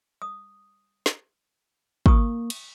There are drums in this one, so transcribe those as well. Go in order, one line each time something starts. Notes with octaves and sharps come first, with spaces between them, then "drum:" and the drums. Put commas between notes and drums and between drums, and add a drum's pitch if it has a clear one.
D#6
drum: snare
A#3 C#6 D#6, drum: kick
drum: cymbal